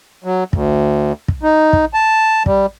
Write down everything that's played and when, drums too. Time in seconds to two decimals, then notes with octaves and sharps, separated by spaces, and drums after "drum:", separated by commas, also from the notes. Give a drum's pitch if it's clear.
0.24 F#3
0.53 D2, drum: kick
1.28 drum: kick
1.43 D#4
1.73 drum: kick
1.94 A5
2.46 G3, drum: kick